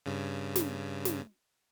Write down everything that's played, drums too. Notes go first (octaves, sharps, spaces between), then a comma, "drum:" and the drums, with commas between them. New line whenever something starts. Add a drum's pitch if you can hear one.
G2 C#3
drum: snare
drum: snare